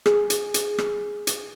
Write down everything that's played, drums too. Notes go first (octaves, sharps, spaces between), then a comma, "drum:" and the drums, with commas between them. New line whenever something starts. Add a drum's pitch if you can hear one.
G#4, drum: rim click
drum: hi-hat
drum: hi-hat
drum: rim click
drum: hi-hat